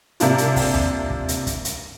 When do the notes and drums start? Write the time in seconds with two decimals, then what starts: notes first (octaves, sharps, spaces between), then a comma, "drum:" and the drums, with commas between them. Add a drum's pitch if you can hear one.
0.20 C3 A#3 D4 F4, drum: hi-hat
0.38 drum: hi-hat
0.56 drum: kick, open hi-hat
0.74 drum: tom D#2
1.10 drum: kick
1.28 drum: hi-hat
1.47 drum: kick, hi-hat
1.65 drum: hi-hat